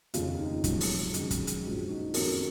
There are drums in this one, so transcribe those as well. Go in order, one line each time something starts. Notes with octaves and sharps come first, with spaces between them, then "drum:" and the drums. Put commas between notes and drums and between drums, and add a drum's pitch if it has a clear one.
F1 D#2 C#3 F4, drum: hi-hat
D#4
G#1 F#2 F3 G#3, drum: kick, hi-hat
drum: open hi-hat
F#1 F#2 D#3 G#3, drum: hi-hat
drum: kick, hi-hat
drum: hi-hat
A#1 G#2 F#3
D#4 F#4
F#1 F2 D#3 F#4 A#4, drum: open hi-hat
F#4